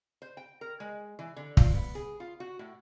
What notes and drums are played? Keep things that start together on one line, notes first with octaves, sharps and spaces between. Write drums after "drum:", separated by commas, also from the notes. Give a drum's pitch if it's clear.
C5
G5
A#4
G#3
E3
D3
F4, drum: kick
B3
G#4
F4
F#4
A2